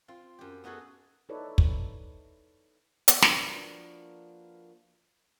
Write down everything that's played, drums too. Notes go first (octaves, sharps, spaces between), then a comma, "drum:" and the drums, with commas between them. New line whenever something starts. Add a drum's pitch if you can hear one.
C4 F4
F#2 G4
B3 D#4 F#4 G#4 A4
D#4 E4 A4 B4 C#5 D5
drum: kick
drum: hi-hat
F3 A#3 D4 F#4 A#4 B4, drum: snare